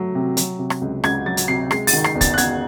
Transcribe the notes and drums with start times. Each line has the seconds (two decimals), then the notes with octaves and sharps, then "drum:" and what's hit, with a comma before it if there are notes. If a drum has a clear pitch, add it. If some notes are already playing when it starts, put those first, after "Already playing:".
Already playing: F#3 A3
0.15 C3
0.37 F#3, drum: hi-hat
0.59 C3
0.70 drum: rim click
0.81 C#2
1.04 C#2 G#6, drum: rim click
1.26 F#3 A6
1.37 drum: hi-hat
1.48 C3 C7
1.71 G#3 C7, drum: rim click
1.87 A6, drum: open hi-hat
1.93 D#3
2.04 C7, drum: rim click
2.15 E2
2.21 A6, drum: kick, hi-hat
2.34 F#6
2.38 E2 G#6, drum: hi-hat